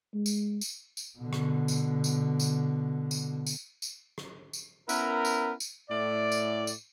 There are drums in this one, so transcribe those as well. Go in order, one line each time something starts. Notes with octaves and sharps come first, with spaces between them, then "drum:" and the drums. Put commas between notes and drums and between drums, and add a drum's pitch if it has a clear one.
G#3
drum: tambourine
drum: tambourine
drum: tambourine
B2 D3
drum: rim click
drum: tambourine
drum: tambourine
drum: tambourine
drum: tambourine
drum: tambourine
drum: tambourine
drum: rim click
drum: tambourine
B3 C#4 E4 A#4, drum: tambourine
drum: tambourine
drum: tambourine
A2 D5
drum: tambourine
drum: tambourine